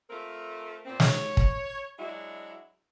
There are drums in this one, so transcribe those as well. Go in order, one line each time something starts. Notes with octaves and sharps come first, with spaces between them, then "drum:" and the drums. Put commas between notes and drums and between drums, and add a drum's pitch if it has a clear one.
A3 C4 F4 A#4
A#2 B3 C4
C#5, drum: snare
drum: kick
F#3 G#3 D4 E4 F#4